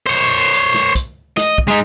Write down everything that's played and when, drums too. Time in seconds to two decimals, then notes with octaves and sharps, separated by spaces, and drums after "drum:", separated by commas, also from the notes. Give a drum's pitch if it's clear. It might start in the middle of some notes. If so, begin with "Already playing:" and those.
0.06 C5 C#5
0.53 drum: hi-hat
0.74 drum: snare
0.95 drum: kick, hi-hat
1.37 D#5, drum: snare
1.58 drum: kick
1.68 G#3 D#4